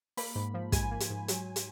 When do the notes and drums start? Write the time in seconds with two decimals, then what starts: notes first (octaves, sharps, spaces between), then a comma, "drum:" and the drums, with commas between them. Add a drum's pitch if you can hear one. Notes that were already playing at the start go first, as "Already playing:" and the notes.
0.17 A#3 B5, drum: open hi-hat
0.35 G#2
0.54 F3
0.72 G#2 G#5, drum: kick, hi-hat
0.91 A#3
1.00 drum: hi-hat
1.10 G#2
1.28 F#3, drum: hi-hat
1.56 drum: hi-hat